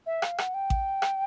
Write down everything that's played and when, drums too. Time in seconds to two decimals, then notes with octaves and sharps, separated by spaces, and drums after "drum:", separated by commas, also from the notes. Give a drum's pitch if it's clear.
0.06 E5
0.22 F5, drum: rim click
0.38 F#5, drum: rim click
0.54 G5
0.70 drum: kick A1
1.02 drum: rim click